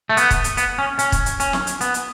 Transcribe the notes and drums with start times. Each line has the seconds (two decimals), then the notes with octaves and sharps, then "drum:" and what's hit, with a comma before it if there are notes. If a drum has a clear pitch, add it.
0.10 A3
0.17 B3, drum: hi-hat
0.31 drum: kick, hi-hat
0.44 drum: hi-hat
0.57 B3, drum: hi-hat
0.78 C#4
0.99 C#4, drum: hi-hat
1.12 drum: kick, hi-hat
1.26 drum: hi-hat
1.40 C#4, drum: hi-hat
1.53 drum: snare
1.67 drum: hi-hat
1.81 B3, drum: hi-hat
1.94 drum: hi-hat